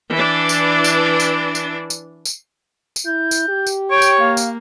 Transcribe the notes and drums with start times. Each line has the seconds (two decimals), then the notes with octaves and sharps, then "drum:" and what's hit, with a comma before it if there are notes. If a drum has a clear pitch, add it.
0.10 E3 D4
0.49 drum: tambourine
0.84 drum: tambourine
1.20 drum: tambourine
1.55 drum: tambourine
1.90 drum: tambourine
2.25 drum: tambourine
2.96 drum: tambourine
3.05 E4 G6
3.31 drum: tambourine
3.49 G4
3.67 drum: tambourine
3.91 C#5 G5 C#6 D7
4.02 drum: tambourine
4.19 A#3 F5
4.37 drum: tambourine